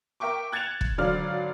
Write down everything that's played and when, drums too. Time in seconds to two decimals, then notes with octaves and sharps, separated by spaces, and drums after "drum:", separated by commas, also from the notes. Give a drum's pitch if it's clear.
0.20 A#4 E5 G5 C#6 D6
0.52 F#6 G#6 A6 C#7 E7 F7
0.81 drum: kick
0.98 G#1 D3 F#3 D5 F5 F6